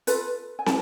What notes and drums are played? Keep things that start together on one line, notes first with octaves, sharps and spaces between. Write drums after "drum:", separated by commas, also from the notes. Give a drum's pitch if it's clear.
F4 A4 B4, drum: hi-hat
G#5
A5, drum: snare